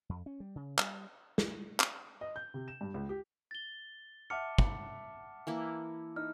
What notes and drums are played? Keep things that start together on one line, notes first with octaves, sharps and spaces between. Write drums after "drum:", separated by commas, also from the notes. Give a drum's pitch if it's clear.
F2
C#4
G3
C#3
G3, drum: clap
drum: snare
drum: clap
D#5
G6
C3
E7
G2
C#2
G4
A6 G7
E5 F#5 A5 D6 F6 C#7
drum: kick
E3 A#3 E4
D#4 F6